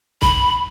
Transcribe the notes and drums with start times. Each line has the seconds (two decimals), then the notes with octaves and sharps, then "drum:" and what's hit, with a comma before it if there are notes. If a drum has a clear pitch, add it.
0.22 B5, drum: kick C2